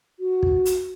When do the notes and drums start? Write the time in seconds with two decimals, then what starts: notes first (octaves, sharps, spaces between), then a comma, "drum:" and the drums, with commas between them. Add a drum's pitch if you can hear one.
0.20 F#4
0.43 drum: kick
0.65 drum: hi-hat